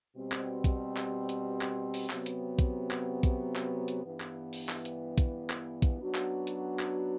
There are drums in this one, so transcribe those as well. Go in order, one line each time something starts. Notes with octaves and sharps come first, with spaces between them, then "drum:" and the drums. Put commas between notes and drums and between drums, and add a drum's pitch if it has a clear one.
B2 G3 C4
drum: clap
drum: kick, hi-hat
drum: clap
drum: hi-hat
drum: clap
drum: open hi-hat
C3 F#3 B3, drum: clap
drum: hi-hat
drum: kick, hi-hat
drum: clap
drum: kick, hi-hat
drum: clap
drum: hi-hat
G2 E3 B3
drum: clap
drum: open hi-hat
drum: clap
drum: hi-hat
drum: kick, hi-hat
drum: clap
drum: kick, hi-hat
F#2 F#3 B3 D4 F#4
drum: clap
drum: hi-hat
drum: clap